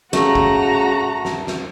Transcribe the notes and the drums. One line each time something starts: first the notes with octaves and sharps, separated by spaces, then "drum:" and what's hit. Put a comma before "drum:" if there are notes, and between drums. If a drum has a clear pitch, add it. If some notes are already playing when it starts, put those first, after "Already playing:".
C#3 A3 F#4 A#5, drum: snare
drum: kick G1
drum: snare
drum: snare